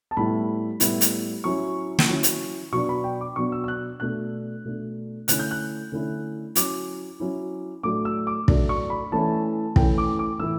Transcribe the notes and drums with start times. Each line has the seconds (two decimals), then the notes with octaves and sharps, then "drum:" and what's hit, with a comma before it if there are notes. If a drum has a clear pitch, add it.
0.11 A5
0.17 A2 G3 B3 E4 B5
0.80 A2 G3 B3 E4, drum: hi-hat
1.01 drum: hi-hat
1.44 F#3 C#4 E4 C#6
1.99 drum: snare
2.09 F#3 C#4 E4
2.23 drum: hi-hat
2.72 B2 F#3 B3 D4 C#6
2.89 B5
3.04 G5
3.21 D6
3.36 B2 F#3 B3 D4 C#6
3.52 E6
3.64 E6
3.68 F#6
4.00 B2 A3 D4 F#6
4.65 B2 A3 D4
5.28 D3 A3 C#4 E4 F#6, drum: hi-hat
5.39 G6
5.51 F#6
5.92 D3 A3 C#4 E4
6.56 F#3 C#4 E4 D6, drum: hi-hat
7.20 F#3 C#4 E4
7.83 A2 F#3 A3 D4 D6
8.05 E6
8.27 D6
8.48 A2 F#3 A3 D4, drum: kick
8.69 C#6
8.90 B5
9.12 E3 A3 C#4 E4 A5
9.76 E3 A3 C#4 E4 G5, drum: kick
9.98 D6
10.19 D6
10.39 A2 E3 A3 E4 E6